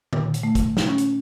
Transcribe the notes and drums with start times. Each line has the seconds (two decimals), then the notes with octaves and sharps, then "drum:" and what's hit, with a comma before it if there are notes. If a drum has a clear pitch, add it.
0.13 A#2, drum: tom D3
0.34 drum: hi-hat
0.43 A3
0.55 drum: kick, hi-hat
0.77 drum: snare
0.89 C#4
0.98 drum: hi-hat